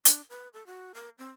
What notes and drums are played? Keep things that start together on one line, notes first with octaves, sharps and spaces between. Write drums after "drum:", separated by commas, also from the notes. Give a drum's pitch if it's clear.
D4, drum: hi-hat
B4
A4
F#4
A#4
C4